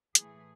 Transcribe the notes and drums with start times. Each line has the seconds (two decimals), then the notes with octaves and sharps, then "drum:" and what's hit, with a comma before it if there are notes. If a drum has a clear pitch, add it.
0.15 A2 E3 A3 G#4, drum: hi-hat